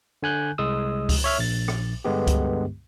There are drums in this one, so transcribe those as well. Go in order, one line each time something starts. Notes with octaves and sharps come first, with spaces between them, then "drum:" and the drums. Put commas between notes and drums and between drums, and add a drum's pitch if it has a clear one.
D3 G#5 F#6 G6
C2 G#3 D#6 E6
drum: kick C#2, open hi-hat
C#5 E5 F6
A#1 A6
drum: rim click
G2 D3 G#3 B3 G4
drum: kick C#2, hi-hat